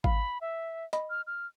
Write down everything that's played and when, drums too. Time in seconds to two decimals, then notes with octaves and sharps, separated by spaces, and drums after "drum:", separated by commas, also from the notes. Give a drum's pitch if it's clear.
0.04 F5 B5, drum: kick G#1
0.41 E5
0.93 D#5 B5, drum: hi-hat
1.10 F6
1.27 F6